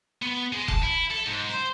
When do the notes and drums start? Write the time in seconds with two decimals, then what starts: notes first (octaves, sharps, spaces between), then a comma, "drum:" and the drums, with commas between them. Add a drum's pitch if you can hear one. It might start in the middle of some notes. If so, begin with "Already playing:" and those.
0.22 B3
0.53 G#3
0.68 A5, drum: kick F1
0.83 E4
1.10 A4
1.26 G#2
1.49 C5